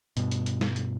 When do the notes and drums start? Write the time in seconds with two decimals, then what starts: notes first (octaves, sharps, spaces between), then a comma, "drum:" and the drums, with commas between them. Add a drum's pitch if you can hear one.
0.17 G2 B2, drum: hi-hat
0.31 drum: hi-hat
0.46 drum: hi-hat
0.61 drum: snare
0.76 drum: hi-hat